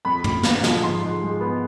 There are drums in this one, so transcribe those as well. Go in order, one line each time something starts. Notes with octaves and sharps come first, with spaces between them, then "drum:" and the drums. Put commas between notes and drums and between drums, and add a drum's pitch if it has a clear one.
F2 B5
F2, drum: tom
D3, drum: snare
F3, drum: snare
G#2 C6
G#2
G#3
B3